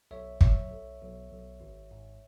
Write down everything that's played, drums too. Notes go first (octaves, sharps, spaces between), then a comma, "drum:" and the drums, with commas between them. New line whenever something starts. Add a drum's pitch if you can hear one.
B1 C#5 E5
F#3 C#5 E5, drum: kick
B1
B1
B1
G#1
G#2